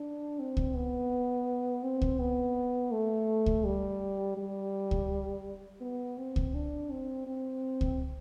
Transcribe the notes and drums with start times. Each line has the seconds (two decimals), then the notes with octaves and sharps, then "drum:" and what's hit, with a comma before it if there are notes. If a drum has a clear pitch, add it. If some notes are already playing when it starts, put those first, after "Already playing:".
Already playing: D4
0.39 C4
0.57 drum: kick C#2
0.75 B3
1.84 C4
2.02 drum: kick C#2
2.19 B3
2.92 A3
3.46 drum: kick C#2
3.65 G3
4.37 G3
4.91 drum: kick C#2
5.81 B3
6.18 C4
6.36 drum: kick C#2
6.55 D4
6.90 C4
7.27 C4
7.81 drum: kick C#2